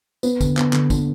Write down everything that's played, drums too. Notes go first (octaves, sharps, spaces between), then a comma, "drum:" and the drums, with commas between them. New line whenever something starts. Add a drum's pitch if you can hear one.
B3, drum: tambourine
D3, drum: kick, tambourine
B3, drum: clap
D3, drum: clap
D3, drum: kick, tambourine